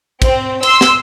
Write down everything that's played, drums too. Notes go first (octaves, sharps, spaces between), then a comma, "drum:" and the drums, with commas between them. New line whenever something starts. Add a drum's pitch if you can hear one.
C4, drum: kick, cymbal
C6 E6, drum: cymbal
drum: snare